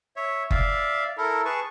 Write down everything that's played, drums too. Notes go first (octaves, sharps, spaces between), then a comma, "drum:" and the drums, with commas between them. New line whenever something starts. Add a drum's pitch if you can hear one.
C#5 E5
D5 E5 F5, drum: kick F#1
E4 A4 A#4
G#4 B4 A5 C#6